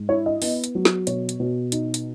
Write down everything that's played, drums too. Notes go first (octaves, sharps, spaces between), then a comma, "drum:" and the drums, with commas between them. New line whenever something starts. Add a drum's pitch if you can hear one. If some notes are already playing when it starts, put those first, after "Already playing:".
Already playing: G#2
E4 C#5
D#5
B3, drum: open hi-hat
drum: hi-hat
F#3
drum: snare
B2 C#5, drum: hi-hat
drum: hi-hat
B2
D#4, drum: hi-hat
drum: hi-hat